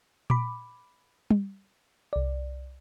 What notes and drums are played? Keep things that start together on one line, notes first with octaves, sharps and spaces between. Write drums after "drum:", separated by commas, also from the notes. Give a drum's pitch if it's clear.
B5 D6, drum: tom A#2
drum: tom G3
C2 D5